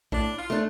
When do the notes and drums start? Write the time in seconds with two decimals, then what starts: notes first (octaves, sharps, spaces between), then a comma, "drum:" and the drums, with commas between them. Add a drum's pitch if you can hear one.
0.12 A2 D4, drum: kick
0.38 F4
0.50 A3 D4